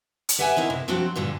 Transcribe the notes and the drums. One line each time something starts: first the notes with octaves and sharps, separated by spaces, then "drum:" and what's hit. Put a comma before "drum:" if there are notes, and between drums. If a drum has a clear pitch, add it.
drum: hi-hat
G4 B4 E5 F#5 G#5
C4 D#4 E4 A#4
C3
F3 F#3 C4 D4 F#4 G4
G2 A#2 D3 G3